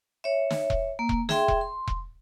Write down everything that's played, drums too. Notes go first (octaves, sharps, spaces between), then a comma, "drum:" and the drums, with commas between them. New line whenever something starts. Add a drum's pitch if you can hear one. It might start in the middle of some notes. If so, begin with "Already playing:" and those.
C#5 E5
drum: snare
drum: kick E1
A#3
drum: kick E1
G#4 E5 G5 C6, drum: snare
drum: kick E1
C6
drum: kick E1